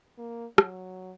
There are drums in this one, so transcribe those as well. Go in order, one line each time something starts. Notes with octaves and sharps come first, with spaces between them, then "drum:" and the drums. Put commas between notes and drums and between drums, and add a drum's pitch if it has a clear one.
A#3
F#3, drum: rim click